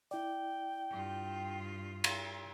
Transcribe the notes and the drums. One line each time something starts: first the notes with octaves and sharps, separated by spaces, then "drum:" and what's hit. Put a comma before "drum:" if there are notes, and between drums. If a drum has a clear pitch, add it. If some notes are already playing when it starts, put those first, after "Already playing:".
E4 D5 G5
G2 F4
drum: cymbal